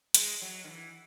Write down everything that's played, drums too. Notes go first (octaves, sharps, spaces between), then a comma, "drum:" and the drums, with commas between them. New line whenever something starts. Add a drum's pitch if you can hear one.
G#3, drum: hi-hat
F#3
D#3
E3